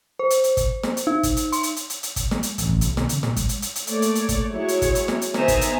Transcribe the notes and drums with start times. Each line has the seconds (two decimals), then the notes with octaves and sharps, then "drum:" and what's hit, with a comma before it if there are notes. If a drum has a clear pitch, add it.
0.19 C5
0.30 drum: hi-hat
0.44 drum: hi-hat
0.57 drum: kick, hi-hat
0.83 drum: snare
0.97 drum: hi-hat
1.07 D#4
1.23 drum: kick, hi-hat
1.37 drum: hi-hat
1.52 C6, drum: hi-hat
1.63 drum: hi-hat
1.76 drum: hi-hat
1.90 drum: hi-hat
2.03 drum: hi-hat
2.16 drum: kick, hi-hat
2.31 G#3, drum: snare
2.43 drum: hi-hat
2.58 A1, drum: hi-hat
2.69 drum: kick
2.81 B1, drum: hi-hat
2.97 D#3, drum: snare
3.09 C#3, drum: hi-hat
3.23 A#2, drum: snare
3.36 G#3, drum: kick, hi-hat
3.49 drum: hi-hat
3.62 drum: hi-hat
3.76 drum: hi-hat
3.87 A3 A#3 C#5 D5, drum: hi-hat
4.02 drum: hi-hat
4.15 drum: hi-hat
4.29 drum: kick, hi-hat
4.50 F#3 G#3 E4 G#4 C#5
4.68 drum: hi-hat
4.82 drum: kick, hi-hat
4.95 drum: hi-hat
5.08 drum: snare
5.22 drum: hi-hat
5.34 D#3 B3 C5 E5 G#5 A#5, drum: snare
5.48 drum: kick, hi-hat
5.61 drum: hi-hat